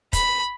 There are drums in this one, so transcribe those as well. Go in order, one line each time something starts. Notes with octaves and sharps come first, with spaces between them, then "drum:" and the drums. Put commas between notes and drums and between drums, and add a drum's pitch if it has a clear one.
B5, drum: kick, hi-hat